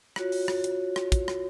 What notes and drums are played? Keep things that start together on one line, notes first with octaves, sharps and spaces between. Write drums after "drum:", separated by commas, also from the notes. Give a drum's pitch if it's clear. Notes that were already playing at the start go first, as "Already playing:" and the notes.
F4 F#4 C#5, drum: rim click
drum: open hi-hat
drum: rim click
drum: hi-hat
drum: rim click
drum: kick, hi-hat
drum: rim click